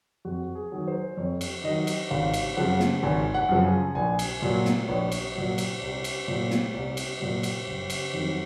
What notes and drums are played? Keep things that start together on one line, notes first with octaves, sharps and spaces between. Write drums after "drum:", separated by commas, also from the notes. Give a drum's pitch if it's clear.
F2 F#4
G#4
D#3 F#3
C5
F2 C#5
drum: cymbal
D#3 F#3 D#5
drum: cymbal
G#1 F5
drum: cymbal
F#2 C#3 F3 F#5
drum: snare
G#1 G#5
F#5
F#2 C#3 F3
G#5
A#1 G#5
drum: cymbal
A#2 F#3
drum: snare
A#1 C#5
drum: cymbal
A#2 F#3
drum: cymbal
C2
drum: cymbal
A#2 F#3
drum: snare
C2
drum: cymbal
A#2 F#3
drum: cymbal
F#1
drum: cymbal
F2 D#3 F#3